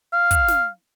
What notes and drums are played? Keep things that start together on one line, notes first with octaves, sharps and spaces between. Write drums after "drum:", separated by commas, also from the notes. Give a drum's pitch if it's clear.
F5
drum: kick, hi-hat
drum: snare